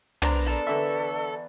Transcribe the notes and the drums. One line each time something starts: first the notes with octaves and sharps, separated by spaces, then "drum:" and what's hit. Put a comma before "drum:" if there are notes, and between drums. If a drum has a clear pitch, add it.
D3 B3 D4 A#4 C5 A#5, drum: tom
A4 D5
D3 E3 F#4 E5 C#6